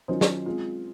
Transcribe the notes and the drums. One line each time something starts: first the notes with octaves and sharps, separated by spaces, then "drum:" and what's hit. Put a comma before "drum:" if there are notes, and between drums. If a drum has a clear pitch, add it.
D#3 F#3 C#4 F4 C5
drum: snare
G#3 C4 F4